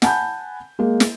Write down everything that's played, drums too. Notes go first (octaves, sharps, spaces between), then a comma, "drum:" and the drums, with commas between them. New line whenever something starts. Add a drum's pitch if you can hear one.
F#5 G#5 A5 B5 G6, drum: snare
G#3 A#3
drum: snare